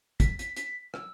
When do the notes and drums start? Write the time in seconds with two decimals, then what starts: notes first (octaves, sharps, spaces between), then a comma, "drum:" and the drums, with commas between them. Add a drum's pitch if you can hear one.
0.20 B6, drum: kick, hi-hat
0.39 B6, drum: hi-hat
0.57 B6, drum: hi-hat
0.94 E6, drum: rim click